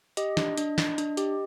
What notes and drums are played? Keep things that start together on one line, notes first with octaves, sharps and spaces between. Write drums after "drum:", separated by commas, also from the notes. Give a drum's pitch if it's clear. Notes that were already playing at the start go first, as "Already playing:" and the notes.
G4 D#5, drum: hi-hat
D4, drum: snare
D4, drum: hi-hat
D4, drum: snare
D4, drum: hi-hat
G4, drum: hi-hat